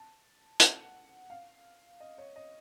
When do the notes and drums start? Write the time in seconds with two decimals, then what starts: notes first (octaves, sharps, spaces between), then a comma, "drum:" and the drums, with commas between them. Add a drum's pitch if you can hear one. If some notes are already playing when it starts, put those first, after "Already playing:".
Already playing: A5
0.60 F#5, drum: hi-hat
1.30 F5
2.00 D#5
2.18 C#5
2.36 D#5